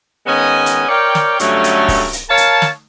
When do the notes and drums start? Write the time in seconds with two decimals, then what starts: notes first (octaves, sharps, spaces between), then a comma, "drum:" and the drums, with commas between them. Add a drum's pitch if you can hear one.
0.26 D#3 G#3 B3 C#4 D#5 G#5
0.66 drum: hi-hat
0.87 A#4 C#5 D5 F5 G5
1.15 drum: snare
1.39 G2 D3 F#3 A3 C#4, drum: hi-hat
1.64 drum: hi-hat
1.88 drum: kick, open hi-hat
2.13 drum: hi-hat
2.28 A#4 C#5 F5 A5
2.37 drum: hi-hat
2.62 drum: snare